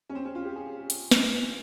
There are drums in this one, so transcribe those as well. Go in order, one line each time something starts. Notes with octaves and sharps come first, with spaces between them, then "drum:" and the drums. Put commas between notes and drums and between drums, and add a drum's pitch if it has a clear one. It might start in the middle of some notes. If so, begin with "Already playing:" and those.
C#4
C4
C#4
F4
G4
G#4
drum: hi-hat
drum: snare